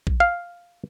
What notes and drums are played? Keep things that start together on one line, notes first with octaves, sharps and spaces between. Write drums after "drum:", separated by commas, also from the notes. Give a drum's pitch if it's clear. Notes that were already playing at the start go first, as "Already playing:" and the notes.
drum: kick A#1
F5